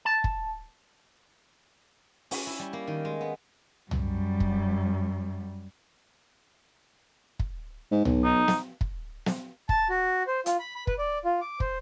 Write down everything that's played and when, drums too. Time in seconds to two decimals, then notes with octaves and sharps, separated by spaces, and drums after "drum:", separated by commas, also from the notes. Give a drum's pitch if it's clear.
0.05 A5
0.24 drum: kick
2.31 C#4, drum: open hi-hat
2.47 E4
2.59 G3
2.73 A#3
2.87 D#3
3.05 G#3
3.21 B3
3.91 F#2 G3, drum: tom
4.40 drum: kick
7.39 drum: kick
7.91 G#2
8.05 B1, drum: tom
8.24 D#4
8.48 drum: snare
8.81 drum: kick
9.26 drum: snare
9.69 A5, drum: kick
9.90 F#4
10.27 C5
10.46 F4, drum: hi-hat
10.59 B5
10.76 B5
10.87 B4, drum: kick
10.98 D5
11.25 F4
11.41 D6
11.60 C5, drum: kick